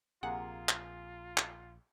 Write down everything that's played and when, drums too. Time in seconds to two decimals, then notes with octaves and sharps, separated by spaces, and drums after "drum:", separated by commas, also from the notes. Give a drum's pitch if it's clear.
0.23 A#1 C3 A#3 F4 G#4 F#5
0.69 drum: clap
1.37 drum: clap